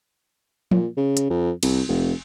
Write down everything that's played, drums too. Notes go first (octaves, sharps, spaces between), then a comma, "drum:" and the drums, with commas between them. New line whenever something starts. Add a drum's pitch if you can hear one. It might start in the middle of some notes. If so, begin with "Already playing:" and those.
A#2, drum: tom F3
C#3
drum: hi-hat
F2
C2, drum: cymbal
F1